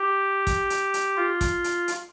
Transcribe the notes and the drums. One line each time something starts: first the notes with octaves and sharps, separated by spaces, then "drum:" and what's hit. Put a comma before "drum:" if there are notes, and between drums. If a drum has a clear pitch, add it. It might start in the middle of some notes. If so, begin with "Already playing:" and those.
Already playing: G4
drum: kick, hi-hat
drum: hi-hat
drum: hi-hat
F4
drum: kick, hi-hat
drum: hi-hat
drum: hi-hat